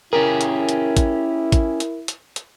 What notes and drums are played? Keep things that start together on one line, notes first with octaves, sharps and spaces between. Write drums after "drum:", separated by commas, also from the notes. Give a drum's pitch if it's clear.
C#4 E4 G4 G#4 A#4
drum: hi-hat
drum: hi-hat
drum: kick, hi-hat
drum: kick, hi-hat
drum: hi-hat
drum: hi-hat
drum: hi-hat